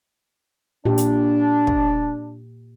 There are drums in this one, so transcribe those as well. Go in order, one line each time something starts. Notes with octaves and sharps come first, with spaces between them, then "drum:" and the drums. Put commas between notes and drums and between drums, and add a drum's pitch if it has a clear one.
A#2 D4 G4
drum: hi-hat
drum: kick